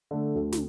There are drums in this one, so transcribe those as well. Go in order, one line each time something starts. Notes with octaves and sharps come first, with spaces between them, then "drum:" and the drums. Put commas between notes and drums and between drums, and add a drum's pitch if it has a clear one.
D3 A3
D2
drum: snare